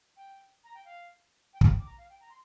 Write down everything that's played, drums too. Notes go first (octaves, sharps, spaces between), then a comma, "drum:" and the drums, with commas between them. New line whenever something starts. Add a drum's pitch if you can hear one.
G5
A#5
G5
F5
G5
F5, drum: kick
G5
D6
A#5
F5
G5
A#5
C6